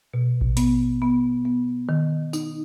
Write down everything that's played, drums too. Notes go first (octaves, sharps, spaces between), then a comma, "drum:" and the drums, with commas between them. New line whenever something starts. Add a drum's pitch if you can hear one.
B2
drum: kick A1
B3, drum: hi-hat
B3
B3
D#3
D#4, drum: tambourine